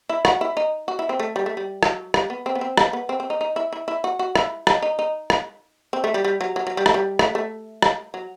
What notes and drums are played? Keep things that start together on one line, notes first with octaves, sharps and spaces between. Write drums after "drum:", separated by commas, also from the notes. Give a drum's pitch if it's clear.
E4
F#4, drum: rim click
E4
D#4
F#4
E4
C4
A3
G3
A3
G3
F#3, drum: rim click
G3, drum: rim click
B3
C4
B3
C4
B3, drum: rim click
B3
C4
C4
D#4
D#4
E4
E4
E4
F#4
F#4
E4, drum: rim click
D#4, drum: rim click
D#4
D#4
drum: rim click
C4
A3
G3
G3
F#3
F#3
F#3
G3
A3, drum: rim click
G3
A3, drum: rim click
A3
drum: rim click
F#3